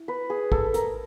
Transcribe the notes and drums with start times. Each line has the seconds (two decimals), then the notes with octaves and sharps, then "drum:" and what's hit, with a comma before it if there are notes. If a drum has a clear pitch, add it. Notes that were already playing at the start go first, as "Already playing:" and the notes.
Already playing: E4
0.08 B4
0.30 G#4
0.52 A4, drum: kick
0.74 A#4, drum: hi-hat